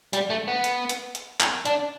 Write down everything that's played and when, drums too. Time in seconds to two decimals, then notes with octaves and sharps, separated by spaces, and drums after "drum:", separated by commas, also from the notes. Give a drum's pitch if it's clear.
0.13 G3, drum: hi-hat
0.30 A3
0.48 B3
0.64 drum: hi-hat
0.89 drum: hi-hat
1.15 drum: hi-hat
1.40 drum: clap
1.65 D4, drum: hi-hat